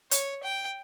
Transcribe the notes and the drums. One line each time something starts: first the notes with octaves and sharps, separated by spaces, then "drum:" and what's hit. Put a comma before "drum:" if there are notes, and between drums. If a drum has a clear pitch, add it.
C#5, drum: hi-hat
G5